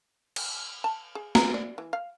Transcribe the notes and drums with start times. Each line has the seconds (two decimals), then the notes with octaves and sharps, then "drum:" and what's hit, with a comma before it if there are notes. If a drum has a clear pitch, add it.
0.36 drum: cymbal
0.84 A5
1.15 G#4
1.35 A#5, drum: snare
1.54 D5
1.78 E3
1.93 F5